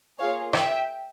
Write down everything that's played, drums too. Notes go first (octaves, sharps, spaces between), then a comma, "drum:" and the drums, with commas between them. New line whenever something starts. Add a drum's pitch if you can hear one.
A#3 F4 G#4 C#5 F5
E5 G5, drum: rim click